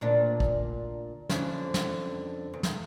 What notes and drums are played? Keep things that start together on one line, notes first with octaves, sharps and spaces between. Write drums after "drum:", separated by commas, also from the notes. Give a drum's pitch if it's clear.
D2 A#2 D4
drum: kick
F2 D3 C#4, drum: snare
drum: snare
E2
drum: snare